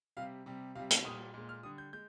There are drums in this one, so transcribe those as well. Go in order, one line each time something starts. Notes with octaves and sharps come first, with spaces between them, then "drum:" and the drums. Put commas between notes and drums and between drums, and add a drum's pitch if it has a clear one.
C3 G3 F5
C3 G3
C3 G3 F5
F5, drum: hi-hat
A#2 G3 D#6
A#2 G#3
F6
D3 G3 D#6
G6
G#3 G6